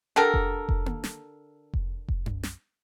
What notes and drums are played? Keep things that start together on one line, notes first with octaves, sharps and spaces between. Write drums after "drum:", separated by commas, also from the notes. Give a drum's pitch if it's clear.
D3 G4 A4 A#4
drum: kick F1
drum: kick F1
drum: tom A#3
drum: snare
drum: kick F1
drum: kick F1
drum: tom F#2
drum: snare